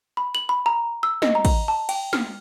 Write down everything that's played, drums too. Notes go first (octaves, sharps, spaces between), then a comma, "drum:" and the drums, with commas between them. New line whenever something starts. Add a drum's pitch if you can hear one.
B5
F#7
B5
A#5
E6
D#5, drum: snare
A#5
drum: kick, cymbal
A5
G5, drum: cymbal
F6, drum: snare